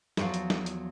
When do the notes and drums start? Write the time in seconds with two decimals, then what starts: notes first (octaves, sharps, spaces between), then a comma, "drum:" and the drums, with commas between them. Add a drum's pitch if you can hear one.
0.17 E2 F3 F#3 F#4 F5, drum: snare
0.34 drum: hi-hat
0.50 drum: snare
0.66 drum: hi-hat